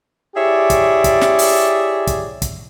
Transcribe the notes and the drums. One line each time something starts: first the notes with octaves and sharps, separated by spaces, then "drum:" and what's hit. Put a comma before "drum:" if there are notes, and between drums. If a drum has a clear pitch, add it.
E4 G4 G#4 C#5 D5
drum: kick, hi-hat
drum: kick, hi-hat
drum: snare
drum: open hi-hat
drum: kick, hi-hat
drum: kick, hi-hat